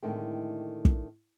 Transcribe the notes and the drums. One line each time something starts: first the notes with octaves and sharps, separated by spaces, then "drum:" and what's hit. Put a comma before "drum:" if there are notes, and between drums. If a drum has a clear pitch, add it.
A2 D3 D#3 G#3 A3 C4
drum: kick